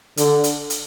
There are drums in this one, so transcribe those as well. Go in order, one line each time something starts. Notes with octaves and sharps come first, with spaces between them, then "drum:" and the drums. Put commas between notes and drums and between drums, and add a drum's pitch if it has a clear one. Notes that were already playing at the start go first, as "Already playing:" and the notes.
D3, drum: hi-hat
drum: hi-hat
drum: hi-hat